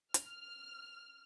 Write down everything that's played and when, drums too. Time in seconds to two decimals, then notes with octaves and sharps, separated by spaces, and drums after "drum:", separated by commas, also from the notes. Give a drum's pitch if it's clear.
0.14 F6, drum: hi-hat